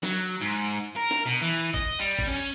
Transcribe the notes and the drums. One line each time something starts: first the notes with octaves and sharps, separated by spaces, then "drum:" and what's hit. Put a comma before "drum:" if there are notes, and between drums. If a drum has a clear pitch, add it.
F#3, drum: snare
G#2
A#4
drum: snare
B2
E3
D#5, drum: kick
G3
drum: kick
C#4